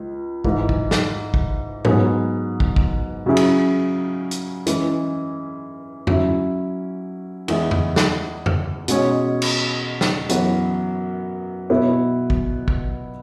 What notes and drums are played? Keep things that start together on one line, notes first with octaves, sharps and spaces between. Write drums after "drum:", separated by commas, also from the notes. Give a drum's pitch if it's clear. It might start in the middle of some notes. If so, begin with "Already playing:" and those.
Already playing: C#2
G#2 E3 G#3, drum: kick
drum: kick
drum: snare
drum: kick
G#2 F#3 B3 G#4 B4, drum: tom
drum: kick
drum: kick
C#3 F#3 C#4 E4 G#4
drum: cymbal
drum: hi-hat
E3 G#3 C#4, drum: hi-hat
F#3 C#4 E4, drum: tom F2
E2 E3 G#3 E4 G#4, drum: cymbal
drum: tom F2
drum: snare
drum: tom F2
B2 G#3 C#4 G#4 C#5, drum: hi-hat
drum: cymbal
drum: snare
F#2 E3 B3 F#4 B4, drum: hi-hat
B2 B3 E4 B4
drum: kick
drum: kick